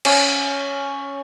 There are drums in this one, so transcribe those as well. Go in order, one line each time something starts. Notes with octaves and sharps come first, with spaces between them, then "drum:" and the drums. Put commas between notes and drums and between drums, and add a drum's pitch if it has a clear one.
C#4, drum: cymbal